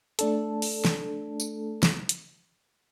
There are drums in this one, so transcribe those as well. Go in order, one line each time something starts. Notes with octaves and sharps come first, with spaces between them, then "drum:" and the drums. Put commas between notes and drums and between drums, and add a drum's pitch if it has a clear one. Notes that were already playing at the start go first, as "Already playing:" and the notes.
A3 D4 A4, drum: hi-hat
drum: open hi-hat
drum: snare
drum: tambourine
drum: snare
drum: hi-hat